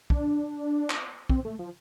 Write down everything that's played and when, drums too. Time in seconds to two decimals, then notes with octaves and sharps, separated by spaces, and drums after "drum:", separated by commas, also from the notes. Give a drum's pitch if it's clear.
0.10 D4, drum: kick
0.90 drum: clap
1.30 C4, drum: kick
1.45 A3
1.59 F3